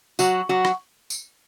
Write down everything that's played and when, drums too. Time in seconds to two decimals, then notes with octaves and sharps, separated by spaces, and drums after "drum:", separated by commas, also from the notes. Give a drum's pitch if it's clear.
0.19 F#3 F#4, drum: tambourine
0.49 F#3 F#4
0.65 drum: rim click
1.10 drum: tambourine